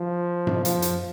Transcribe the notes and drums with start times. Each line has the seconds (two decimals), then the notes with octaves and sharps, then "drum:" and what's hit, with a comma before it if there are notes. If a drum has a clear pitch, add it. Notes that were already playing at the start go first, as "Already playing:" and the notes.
Already playing: F3
0.47 drum: tom F#2
0.65 F3, drum: hi-hat
0.82 drum: hi-hat